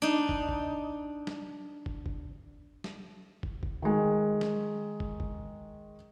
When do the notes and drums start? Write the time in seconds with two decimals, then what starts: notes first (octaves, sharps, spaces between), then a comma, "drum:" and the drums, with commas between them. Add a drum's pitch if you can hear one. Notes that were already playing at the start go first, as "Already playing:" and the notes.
0.02 D4 D#4
0.29 drum: kick
0.49 drum: kick
1.27 drum: snare
1.86 drum: kick
2.06 drum: kick
2.84 drum: snare
3.43 drum: kick
3.63 drum: kick
3.82 D#3 G#3
4.41 drum: snare
5.00 drum: kick
5.20 drum: kick